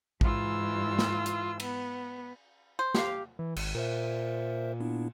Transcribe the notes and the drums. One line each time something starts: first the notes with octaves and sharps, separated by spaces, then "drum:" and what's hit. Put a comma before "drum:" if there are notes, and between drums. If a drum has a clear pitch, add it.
G#2 E3 F4 E6, drum: kick
drum: snare
drum: hi-hat
B3, drum: cymbal
C5
G4 F5, drum: snare
E3
G#1, drum: cymbal
A#2 A#4 C5 E5
B3 D4 E4